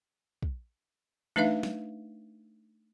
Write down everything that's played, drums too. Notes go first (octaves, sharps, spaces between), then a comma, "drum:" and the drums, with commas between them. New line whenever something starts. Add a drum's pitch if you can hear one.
drum: kick
A3 D4 D#4 B4 E5 F5, drum: tom E3
drum: snare